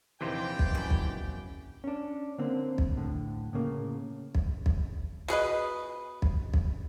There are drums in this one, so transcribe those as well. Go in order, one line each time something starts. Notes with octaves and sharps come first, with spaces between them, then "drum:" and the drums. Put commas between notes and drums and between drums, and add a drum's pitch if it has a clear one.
A#1 D#2 C3 E3 G4 D5 G5 C6
drum: kick
F#2 B5
drum: kick
C#4 D4
D3 A#3 C4
drum: kick
A2 D3
A2 C#3 A#3
drum: kick
drum: kick
B2 G#4 B4 D#5
drum: kick
drum: kick